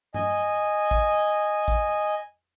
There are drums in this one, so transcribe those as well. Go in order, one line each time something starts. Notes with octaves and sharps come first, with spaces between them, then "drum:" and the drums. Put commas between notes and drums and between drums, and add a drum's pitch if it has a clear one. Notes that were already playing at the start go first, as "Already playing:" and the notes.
D#5 G#5, drum: tom G2
drum: kick
drum: kick